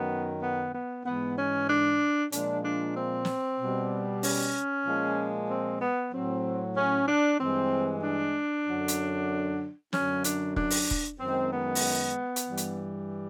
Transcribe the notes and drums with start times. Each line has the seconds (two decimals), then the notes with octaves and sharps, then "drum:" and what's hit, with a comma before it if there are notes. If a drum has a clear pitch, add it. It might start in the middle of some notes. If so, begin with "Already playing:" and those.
Already playing: F#2 D#3 F#3 B3
0.42 B3
0.74 B3
1.06 G#2 E3 G#3 B3
1.37 C#4
1.69 D4
2.32 A#2 F3 G#3 D4, drum: hi-hat
2.64 D4
2.96 C4
3.25 drum: snare
3.59 B2 G3
4.23 C#4, drum: open hi-hat
4.86 A#2 F3 G#3
5.49 C4
5.81 B3
6.13 A2 F#3 C4
6.76 C#4
7.07 D4
7.39 G2 E3 G#3 C4
8.02 D4
8.66 F#2 D3 F#3
8.88 drum: hi-hat
9.93 F#2 D3 F#3 C#4, drum: snare
10.24 D4, drum: hi-hat
10.56 D4, drum: kick
10.70 drum: open hi-hat
10.91 drum: kick
11.20 F#2 D#3 G#3 C4
11.51 B3
11.75 drum: open hi-hat
12.36 drum: hi-hat
12.46 G2 E3 G3
12.57 drum: hi-hat